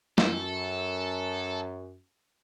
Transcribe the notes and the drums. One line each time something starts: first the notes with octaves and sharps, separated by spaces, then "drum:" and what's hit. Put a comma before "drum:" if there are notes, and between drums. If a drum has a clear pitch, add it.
F#2 A4, drum: snare